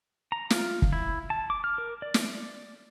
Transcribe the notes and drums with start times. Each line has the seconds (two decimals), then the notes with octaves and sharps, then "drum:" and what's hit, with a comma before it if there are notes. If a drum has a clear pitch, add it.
0.32 A#5
0.50 F4, drum: snare
0.82 drum: kick
0.93 E4
1.30 A5
1.50 D6
1.64 F6
1.78 A#4
2.02 D5
2.14 drum: snare